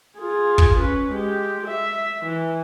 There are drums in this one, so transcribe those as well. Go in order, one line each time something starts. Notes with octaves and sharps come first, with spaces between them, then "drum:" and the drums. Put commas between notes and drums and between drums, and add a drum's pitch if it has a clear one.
F4 G#4
drum: kick
C#4 B4
G#3 G4
E5
E3